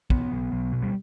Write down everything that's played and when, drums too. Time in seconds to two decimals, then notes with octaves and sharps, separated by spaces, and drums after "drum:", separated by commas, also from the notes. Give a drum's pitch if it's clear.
0.10 B1 B3, drum: kick
0.32 B1
0.52 B1
0.73 B2
0.82 G3